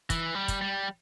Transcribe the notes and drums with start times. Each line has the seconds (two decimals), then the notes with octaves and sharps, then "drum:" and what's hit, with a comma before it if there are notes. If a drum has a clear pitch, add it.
0.10 E3, drum: kick, hi-hat
0.35 G3
0.48 drum: kick, hi-hat
0.61 G3